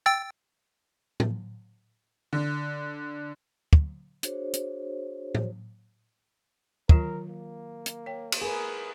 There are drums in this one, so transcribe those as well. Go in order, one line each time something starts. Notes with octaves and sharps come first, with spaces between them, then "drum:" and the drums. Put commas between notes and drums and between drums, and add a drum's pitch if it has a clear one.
G5 E6 A6
drum: tom A2
D3
drum: kick
D4 F#4 G#4 C5 C#5, drum: hi-hat
drum: hi-hat
drum: tom A2
D#3 F#3 F4 A#4, drum: kick
A#3
drum: hi-hat
C#5 G5
drum: cymbal
G#4 A#4 B4